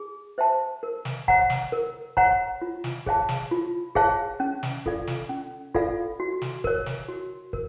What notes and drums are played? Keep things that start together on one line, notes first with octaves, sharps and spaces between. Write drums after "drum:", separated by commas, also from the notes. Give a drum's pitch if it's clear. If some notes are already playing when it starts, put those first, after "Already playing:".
Already playing: G#4
C5 E5 A5
A#4
drum: snare
C#5 F#5 A#5, drum: kick
drum: snare
A#4
C#5 F#5 A#5, drum: kick
F4
drum: snare
G#4 C#5 F5 A5, drum: kick
drum: snare
F4
G#4 C#5 F5 A5, drum: kick
C#4
drum: snare
F4 A4 D5 F5, drum: kick
drum: snare
C#4
F4 A4 D5 F5, drum: kick
F#4
drum: snare
A#4 C#5, drum: kick
drum: snare
F#4
A#4, drum: kick